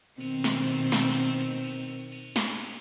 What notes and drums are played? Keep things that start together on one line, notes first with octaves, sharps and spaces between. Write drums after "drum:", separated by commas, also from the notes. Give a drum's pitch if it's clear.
B2 D#3 C4, drum: cymbal
drum: snare
drum: cymbal
drum: snare
drum: cymbal
drum: cymbal
drum: cymbal
drum: cymbal
drum: cymbal
drum: snare
drum: cymbal